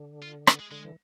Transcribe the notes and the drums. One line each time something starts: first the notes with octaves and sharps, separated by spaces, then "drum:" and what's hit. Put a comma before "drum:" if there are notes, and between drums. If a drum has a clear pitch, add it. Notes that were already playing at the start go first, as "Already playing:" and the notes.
Already playing: D3
F4
B3, drum: rim click
G#3
D3 G#3
E3